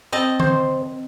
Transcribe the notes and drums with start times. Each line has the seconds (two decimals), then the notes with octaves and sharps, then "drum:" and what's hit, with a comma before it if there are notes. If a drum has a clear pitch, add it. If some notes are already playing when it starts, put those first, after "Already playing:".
0.12 C4 D#5 A5
0.40 C5, drum: tom D#3